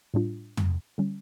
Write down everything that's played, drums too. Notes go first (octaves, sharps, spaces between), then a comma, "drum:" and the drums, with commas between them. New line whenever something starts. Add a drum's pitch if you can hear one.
A2 G3 D4 F4
drum: tom
D3 G3 C#4